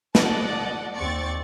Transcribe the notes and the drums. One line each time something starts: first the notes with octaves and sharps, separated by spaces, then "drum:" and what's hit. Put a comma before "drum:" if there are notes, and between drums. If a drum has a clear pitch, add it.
D5 D#5 F#5 A5, drum: snare
D#2 C4 D5 C#6 A6 C#7